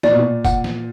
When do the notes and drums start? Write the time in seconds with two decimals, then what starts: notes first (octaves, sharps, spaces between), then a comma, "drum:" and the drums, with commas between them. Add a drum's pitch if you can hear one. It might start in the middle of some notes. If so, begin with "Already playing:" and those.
0.03 A#2 D5, drum: snare
0.11 B2
0.19 A#2
0.45 F#5, drum: kick, tambourine
0.64 drum: snare